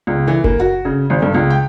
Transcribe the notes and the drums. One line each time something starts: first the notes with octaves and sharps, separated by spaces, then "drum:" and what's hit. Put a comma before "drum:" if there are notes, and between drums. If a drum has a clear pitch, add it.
C#2
E3
A#3, drum: kick F#1
F#4
C#3
G#1
G2
C#2
G5